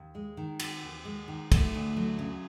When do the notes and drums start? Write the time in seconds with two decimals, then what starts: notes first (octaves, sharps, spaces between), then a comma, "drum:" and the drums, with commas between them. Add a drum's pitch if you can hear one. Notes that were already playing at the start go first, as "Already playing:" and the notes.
Already playing: D#2
0.15 G#3
0.37 D#3
0.60 C4, drum: cymbal
0.83 D#2
1.05 G#3
1.28 D#3
1.52 A3, drum: kick, cymbal
1.74 D2
1.97 F#3
2.19 C#3